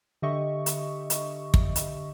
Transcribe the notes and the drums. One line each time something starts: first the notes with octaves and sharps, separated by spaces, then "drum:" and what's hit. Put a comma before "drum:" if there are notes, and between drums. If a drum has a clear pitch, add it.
D3 G4 D#5 E5 C#6
drum: hi-hat
drum: hi-hat
drum: kick
drum: hi-hat